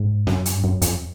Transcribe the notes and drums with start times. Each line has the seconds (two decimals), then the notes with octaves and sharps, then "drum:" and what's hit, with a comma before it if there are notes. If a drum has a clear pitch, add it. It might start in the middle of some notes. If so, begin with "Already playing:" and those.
Already playing: G#2
0.27 F#2, drum: snare
0.46 drum: hi-hat
0.55 G2
0.64 F#2
0.82 F2, drum: hi-hat